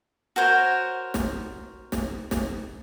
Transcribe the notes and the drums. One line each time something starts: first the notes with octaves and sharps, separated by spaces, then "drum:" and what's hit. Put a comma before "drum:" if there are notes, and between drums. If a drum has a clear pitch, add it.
F#4 A#4 C5 C#5
drum: snare
drum: snare
drum: snare